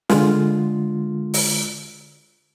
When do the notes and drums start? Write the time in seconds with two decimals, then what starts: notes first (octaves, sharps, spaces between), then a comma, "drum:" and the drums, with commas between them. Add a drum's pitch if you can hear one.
0.09 D3 G#3 F4, drum: snare
1.34 drum: open hi-hat